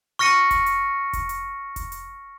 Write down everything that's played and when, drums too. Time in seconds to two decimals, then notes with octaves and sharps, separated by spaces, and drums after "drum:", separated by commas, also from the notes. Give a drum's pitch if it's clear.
0.19 C#6 F6 A#6 C#7 D#7
0.51 drum: kick F1, hi-hat
0.66 drum: hi-hat
1.13 drum: kick F1, hi-hat
1.29 drum: hi-hat
1.76 drum: kick F1, hi-hat
1.92 drum: hi-hat